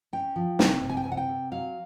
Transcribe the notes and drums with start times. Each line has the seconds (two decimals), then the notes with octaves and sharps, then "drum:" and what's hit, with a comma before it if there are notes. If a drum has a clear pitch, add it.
0.13 C#4 G5
0.36 F3
0.59 C3, drum: snare
0.82 C3
0.90 G#5
0.97 G5
1.04 C3 G#5
1.12 F#5
1.17 G5
1.29 C3
1.51 F#3 F5